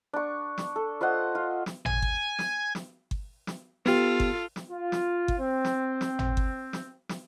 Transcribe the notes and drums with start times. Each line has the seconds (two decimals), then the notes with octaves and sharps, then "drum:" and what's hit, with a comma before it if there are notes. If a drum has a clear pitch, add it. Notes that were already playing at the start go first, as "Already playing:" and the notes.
0.13 D4 C#6
0.58 drum: snare
0.76 A4
1.01 F4 C5 D#5 F#5
1.35 F4
1.66 drum: snare
1.86 G#5, drum: tom G#1
2.02 drum: kick G1
2.39 drum: snare
2.75 drum: snare
3.11 drum: kick G1
3.47 drum: snare
3.86 B3 F4 G4 A4, drum: snare
4.20 drum: kick G1
4.56 drum: snare
4.70 F4
4.92 drum: snare
5.28 drum: kick G1
5.39 C4
5.65 drum: snare
6.01 drum: snare
6.19 drum: tom G#1
6.37 drum: kick G1
6.73 drum: snare
7.09 drum: snare